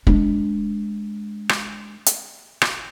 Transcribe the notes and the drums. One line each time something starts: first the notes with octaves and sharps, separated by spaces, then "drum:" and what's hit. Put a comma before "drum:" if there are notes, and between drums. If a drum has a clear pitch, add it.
G#3 D4, drum: kick
drum: rim click
drum: hi-hat
drum: rim click